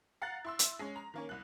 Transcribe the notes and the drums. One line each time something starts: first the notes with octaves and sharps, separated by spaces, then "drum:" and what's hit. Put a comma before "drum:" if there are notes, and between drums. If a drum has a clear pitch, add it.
F5 F#5 A#5 F#6 A6
E4 C6 E6
drum: hi-hat
G#3 C#4
A#5
D#3 A#3 C#4
C2 F#6